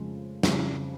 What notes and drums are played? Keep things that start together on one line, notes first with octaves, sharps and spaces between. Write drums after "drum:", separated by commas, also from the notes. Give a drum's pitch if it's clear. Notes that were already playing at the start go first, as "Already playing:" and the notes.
Already playing: F2 C#3 F3 G#3
F2 C#3 G3, drum: snare